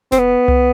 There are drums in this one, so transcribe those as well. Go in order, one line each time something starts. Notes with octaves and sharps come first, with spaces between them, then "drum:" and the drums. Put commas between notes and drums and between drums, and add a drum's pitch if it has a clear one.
C4, drum: snare F1
B3
drum: tom C2